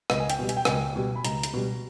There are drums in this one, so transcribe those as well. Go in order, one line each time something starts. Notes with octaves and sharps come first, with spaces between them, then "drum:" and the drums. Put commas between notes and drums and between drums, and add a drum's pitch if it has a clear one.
C#2 D#5, drum: rim click
G#5
G5, drum: hi-hat
B2 G3
G#5, drum: hi-hat
G5
C#2 G#5, drum: rim click
B2 G3
B5
C#2 A#5, drum: hi-hat
drum: hi-hat
B2 G3